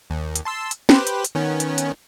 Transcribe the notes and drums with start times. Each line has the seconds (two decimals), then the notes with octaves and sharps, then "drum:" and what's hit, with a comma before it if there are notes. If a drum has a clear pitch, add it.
0.10 D#2
0.36 drum: hi-hat
0.45 A5 C6 E6
0.71 drum: hi-hat
0.89 G4 B4 C5, drum: snare
1.07 drum: hi-hat
1.25 drum: hi-hat
1.35 D#3 B3 C#4
1.60 drum: hi-hat
1.78 drum: hi-hat